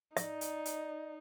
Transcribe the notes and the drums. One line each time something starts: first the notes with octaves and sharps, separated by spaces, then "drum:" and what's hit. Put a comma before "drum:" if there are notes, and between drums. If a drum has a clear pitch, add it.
D#4 D5 E5, drum: hi-hat
drum: hi-hat
drum: hi-hat